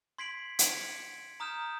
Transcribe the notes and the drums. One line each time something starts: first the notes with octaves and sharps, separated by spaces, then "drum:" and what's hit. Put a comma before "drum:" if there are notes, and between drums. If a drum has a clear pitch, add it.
C6 G#6 B6 C7 D7 F#7
G#6 C#7 D7 F#7, drum: hi-hat
A#5 D#6 F6 G6 E7